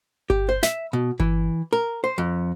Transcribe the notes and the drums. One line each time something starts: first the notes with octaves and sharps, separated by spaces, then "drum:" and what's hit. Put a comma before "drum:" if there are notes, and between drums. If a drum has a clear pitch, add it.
G4, drum: kick G1
C5
E5, drum: snare
B2
E3, drum: kick G1
A#4
C5
F2